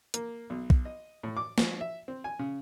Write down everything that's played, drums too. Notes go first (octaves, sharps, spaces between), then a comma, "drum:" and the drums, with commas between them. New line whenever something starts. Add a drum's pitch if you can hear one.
A#3, drum: hi-hat
B1
drum: kick
D#5
A2
D6
F3, drum: snare
E5
C4
G#5
C#3